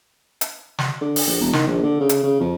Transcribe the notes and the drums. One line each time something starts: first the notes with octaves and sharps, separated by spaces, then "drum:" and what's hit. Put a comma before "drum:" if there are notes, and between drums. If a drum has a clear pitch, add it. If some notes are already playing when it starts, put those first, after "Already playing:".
drum: hi-hat
drum: snare
D3
drum: open hi-hat
A#1
E1
D#3, drum: snare
A#1
D3
C#3
drum: hi-hat
C#3
F2